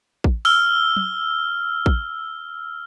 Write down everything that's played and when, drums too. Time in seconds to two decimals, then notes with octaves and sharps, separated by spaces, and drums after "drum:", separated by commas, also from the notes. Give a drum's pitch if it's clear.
0.24 drum: kick
0.45 E6 F6 G7, drum: open hi-hat
0.97 drum: tom
1.86 drum: kick